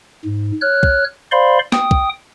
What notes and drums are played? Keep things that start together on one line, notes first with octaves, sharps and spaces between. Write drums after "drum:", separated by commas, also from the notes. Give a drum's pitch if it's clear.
G#2
C#5 F6 F#6
drum: kick
C5 D5 F5 B5 C6
G5 D#6, drum: snare
drum: kick